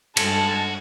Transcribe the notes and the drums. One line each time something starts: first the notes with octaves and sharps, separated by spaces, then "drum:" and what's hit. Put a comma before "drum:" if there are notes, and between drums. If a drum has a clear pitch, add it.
G2 G#3 F#4 A4 A5, drum: cymbal